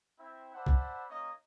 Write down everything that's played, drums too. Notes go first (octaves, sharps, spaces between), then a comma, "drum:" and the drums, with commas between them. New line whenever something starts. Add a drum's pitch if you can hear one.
C4 E4 E5
C5 D5 E5 F#5 A5 B5
drum: kick
A#3 C#4 D#4 C#5 D#5